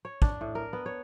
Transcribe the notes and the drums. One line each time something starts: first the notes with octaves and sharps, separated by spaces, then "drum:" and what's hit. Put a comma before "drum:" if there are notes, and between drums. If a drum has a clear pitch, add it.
C#5
D4, drum: kick
A2
A#4
B3
C#5